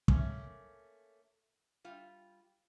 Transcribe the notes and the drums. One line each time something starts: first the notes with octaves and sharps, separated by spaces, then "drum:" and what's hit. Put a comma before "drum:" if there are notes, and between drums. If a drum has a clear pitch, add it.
A3 A#3 C#4, drum: kick
G3 F4